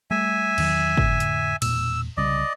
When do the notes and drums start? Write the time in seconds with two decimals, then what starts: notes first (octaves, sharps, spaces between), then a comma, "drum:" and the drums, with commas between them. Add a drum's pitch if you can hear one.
0.11 G3 A3 E5 G#5
0.58 E2 D#3 F#3, drum: cymbal
0.97 F2 A2 D3, drum: kick
1.20 drum: hi-hat
1.62 E1 A#2 E6, drum: cymbal
2.17 C2 C#3 G3 D5 D#5